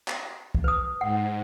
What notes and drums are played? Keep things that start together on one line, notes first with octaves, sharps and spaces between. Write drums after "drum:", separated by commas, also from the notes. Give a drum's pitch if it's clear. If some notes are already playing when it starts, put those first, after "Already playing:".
drum: clap
drum: kick
B4 D#6
G#2 F#5